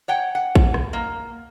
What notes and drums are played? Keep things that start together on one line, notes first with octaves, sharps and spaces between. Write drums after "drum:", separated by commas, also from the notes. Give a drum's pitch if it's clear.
C#5 F#5 G5
F#5
drum: kick
drum: rim click
A#3